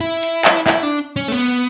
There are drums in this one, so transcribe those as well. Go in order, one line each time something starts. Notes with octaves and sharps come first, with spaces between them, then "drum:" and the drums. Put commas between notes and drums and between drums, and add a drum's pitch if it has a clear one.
E4
drum: hi-hat
drum: clap
E4, drum: clap
D4
C#4
A3
B3, drum: hi-hat